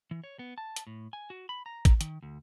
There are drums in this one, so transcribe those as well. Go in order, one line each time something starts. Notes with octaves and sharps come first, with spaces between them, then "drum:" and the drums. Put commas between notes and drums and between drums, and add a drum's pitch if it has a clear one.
E3
C#5
B3
A5
drum: hi-hat
A2
G#5
F#4
B5
A#5
drum: kick, hi-hat
D#3, drum: hi-hat
D2